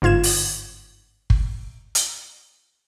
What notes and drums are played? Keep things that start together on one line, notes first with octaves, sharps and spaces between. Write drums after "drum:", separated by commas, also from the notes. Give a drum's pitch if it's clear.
G1 G#2 F4 G#6 E7
drum: open hi-hat
drum: kick
drum: hi-hat